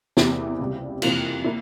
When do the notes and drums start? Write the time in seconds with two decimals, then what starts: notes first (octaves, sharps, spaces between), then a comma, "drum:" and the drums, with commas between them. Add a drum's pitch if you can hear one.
0.17 E2 C3 E3 A#3 E4, drum: snare
0.59 C#2 C3 G3
1.02 F2 C3 E3 A#3 F4, drum: cymbal
1.44 A#3 E4